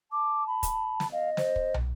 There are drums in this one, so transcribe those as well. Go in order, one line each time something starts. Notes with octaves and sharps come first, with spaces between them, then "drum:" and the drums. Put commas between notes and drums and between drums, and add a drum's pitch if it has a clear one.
A5 D6
B5
drum: kick, hi-hat
drum: snare
D#5 F5
C5, drum: snare
drum: kick
drum: tom